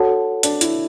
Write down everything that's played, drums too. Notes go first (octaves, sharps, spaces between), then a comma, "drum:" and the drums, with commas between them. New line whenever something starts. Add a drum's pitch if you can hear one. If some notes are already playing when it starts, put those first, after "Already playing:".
Already playing: D4 F#4 A4 C#5 F#5 A5
D4, drum: hi-hat
E4, drum: hi-hat